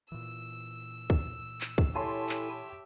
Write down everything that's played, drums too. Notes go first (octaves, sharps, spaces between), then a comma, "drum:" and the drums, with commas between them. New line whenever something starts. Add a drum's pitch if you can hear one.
A#2 E3 E6
drum: kick
drum: clap
drum: kick
E4 G4 A4 C#5 E5 G#5 A5 C6
drum: clap